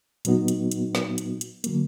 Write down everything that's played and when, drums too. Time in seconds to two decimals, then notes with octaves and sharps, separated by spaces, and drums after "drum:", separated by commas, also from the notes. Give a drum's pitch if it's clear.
0.25 A#2 F#3 B3 D#4 F#4, drum: hi-hat
0.48 drum: hi-hat
0.71 drum: hi-hat
0.95 drum: snare
1.18 drum: hi-hat
1.41 drum: hi-hat
1.64 D3 F#3 A#3, drum: hi-hat